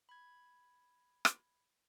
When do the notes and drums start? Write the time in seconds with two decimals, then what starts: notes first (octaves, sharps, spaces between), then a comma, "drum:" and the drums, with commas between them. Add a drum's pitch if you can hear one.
0.09 B5 G#6
1.25 drum: rim click